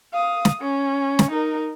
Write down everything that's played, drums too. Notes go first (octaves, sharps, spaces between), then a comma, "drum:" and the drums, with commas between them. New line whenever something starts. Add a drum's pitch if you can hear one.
F5 D#6
drum: snare
C#4
drum: snare
D#4 A#4